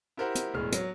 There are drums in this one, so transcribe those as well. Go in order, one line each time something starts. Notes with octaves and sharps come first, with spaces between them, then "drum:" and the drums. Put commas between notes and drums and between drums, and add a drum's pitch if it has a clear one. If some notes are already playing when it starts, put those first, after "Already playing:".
E4 G4 A#4 C5 F#5
drum: hi-hat
E1 A2 G#3 F6
F#3, drum: hi-hat